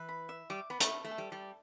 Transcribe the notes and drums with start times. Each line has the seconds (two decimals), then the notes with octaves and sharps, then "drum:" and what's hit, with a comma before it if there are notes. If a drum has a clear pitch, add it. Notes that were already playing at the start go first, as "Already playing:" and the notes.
Already playing: E3 B4
0.09 B5
0.29 E5
0.50 G3 D6
0.70 B3 B5
0.80 A3, drum: hi-hat
0.90 A4
1.04 A3
1.11 A4
1.18 G3
1.32 G3 D5